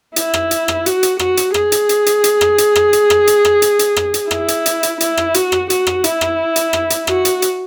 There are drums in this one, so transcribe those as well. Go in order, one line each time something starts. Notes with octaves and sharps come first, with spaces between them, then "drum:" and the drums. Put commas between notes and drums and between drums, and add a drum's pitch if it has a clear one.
E4, drum: hi-hat
drum: rim click
drum: hi-hat
drum: rim click
F#4, drum: hi-hat
drum: hi-hat
F#4, drum: rim click
drum: hi-hat
G#4, drum: rim click
drum: hi-hat
drum: hi-hat
drum: hi-hat
drum: hi-hat
drum: rim click
drum: hi-hat
drum: rim click
drum: hi-hat
drum: rim click
drum: hi-hat
drum: rim click
drum: hi-hat
drum: hi-hat
drum: rim click
drum: hi-hat
E4, drum: rim click
drum: hi-hat
drum: hi-hat
drum: hi-hat
E4, drum: hi-hat
drum: rim click
F#4, drum: hi-hat
drum: rim click
F#4, drum: hi-hat
drum: rim click
E4, drum: hi-hat
drum: rim click
drum: hi-hat
drum: rim click
drum: hi-hat
F#4, drum: rim click
drum: hi-hat
drum: hi-hat